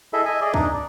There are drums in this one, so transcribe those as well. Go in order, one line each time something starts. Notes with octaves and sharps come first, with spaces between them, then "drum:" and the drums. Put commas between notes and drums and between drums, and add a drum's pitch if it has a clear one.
E4 G#4 A4 D#5 E5
D#5 E5 G#5
G#4 D5 D#5
D4 D#4, drum: kick
D5